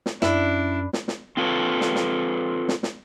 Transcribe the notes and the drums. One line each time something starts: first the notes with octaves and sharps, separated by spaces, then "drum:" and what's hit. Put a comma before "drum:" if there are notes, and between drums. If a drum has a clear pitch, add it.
drum: snare
F#2 D4 E4, drum: snare
drum: snare
drum: snare
C4 F4 A4 B4 C#5
drum: snare
drum: snare
drum: snare
drum: snare